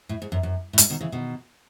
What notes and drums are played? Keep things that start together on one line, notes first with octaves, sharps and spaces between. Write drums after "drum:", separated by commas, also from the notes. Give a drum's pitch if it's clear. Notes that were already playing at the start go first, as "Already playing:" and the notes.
A2
G#2
F#2
F#2
A2
G#2, drum: hi-hat
B2 D#3
C#3 E3
B2 D#3